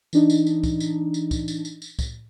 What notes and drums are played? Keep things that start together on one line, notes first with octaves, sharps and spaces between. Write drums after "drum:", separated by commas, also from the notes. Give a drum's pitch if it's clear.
E3 D4 D#4, drum: tambourine
drum: tambourine
drum: tambourine
drum: kick, tambourine
drum: tambourine
drum: tambourine
drum: kick, tambourine
drum: tambourine
drum: tambourine
drum: tambourine
drum: kick, tambourine